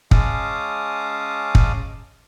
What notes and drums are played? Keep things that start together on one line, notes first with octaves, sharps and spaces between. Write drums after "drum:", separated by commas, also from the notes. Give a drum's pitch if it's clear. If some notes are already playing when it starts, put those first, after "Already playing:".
G#3 C#4 F5 A5 D6 D#6, drum: kick
drum: kick